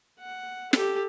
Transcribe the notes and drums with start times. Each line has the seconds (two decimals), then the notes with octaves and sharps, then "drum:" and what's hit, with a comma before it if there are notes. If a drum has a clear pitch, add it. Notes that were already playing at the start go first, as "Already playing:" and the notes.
0.19 F#5
0.73 G4 A4, drum: snare